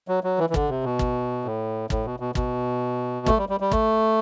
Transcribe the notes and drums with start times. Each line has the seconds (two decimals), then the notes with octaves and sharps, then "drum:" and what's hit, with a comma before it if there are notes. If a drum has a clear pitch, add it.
0.08 F#3
0.24 F#3
0.39 E3
0.50 E3
0.54 D3, drum: kick
0.69 C3
0.84 B2
0.99 drum: kick
1.45 A2
1.90 A2, drum: kick
2.05 B2
2.20 B2
2.35 B2, drum: kick
3.26 A3, drum: kick
3.38 G3
3.49 G3
3.60 G3
3.72 A3, drum: kick